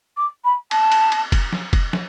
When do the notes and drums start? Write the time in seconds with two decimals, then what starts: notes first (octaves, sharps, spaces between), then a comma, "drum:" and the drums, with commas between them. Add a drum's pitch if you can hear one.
0.17 D6
0.44 B5
0.71 A5, drum: cymbal
0.92 drum: cymbal
1.12 drum: cymbal
1.32 drum: kick, cymbal
1.53 drum: snare
1.73 drum: kick, cymbal
1.93 drum: snare